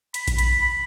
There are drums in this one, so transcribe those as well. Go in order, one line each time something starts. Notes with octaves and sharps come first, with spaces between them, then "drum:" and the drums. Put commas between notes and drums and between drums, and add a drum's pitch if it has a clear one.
B5, drum: hi-hat
drum: kick A#1, hi-hat
B5, drum: hi-hat
B5